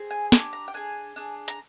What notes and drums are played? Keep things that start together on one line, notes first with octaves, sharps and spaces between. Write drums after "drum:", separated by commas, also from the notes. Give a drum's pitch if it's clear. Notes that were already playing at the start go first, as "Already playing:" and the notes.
Already playing: C4 G#4
G#5
D4 G4 G#5, drum: snare
A#5
G5
D4 G#4 G#5
D4 G#4
A#5, drum: hi-hat